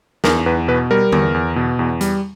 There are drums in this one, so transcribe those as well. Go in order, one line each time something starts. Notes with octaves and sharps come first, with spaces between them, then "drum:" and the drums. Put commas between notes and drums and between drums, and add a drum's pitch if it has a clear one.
E2 A#4, drum: snare
E2 B4
B2 B4
G3 A#4
E2, drum: tom D3
E2
B2
E2
G3, drum: hi-hat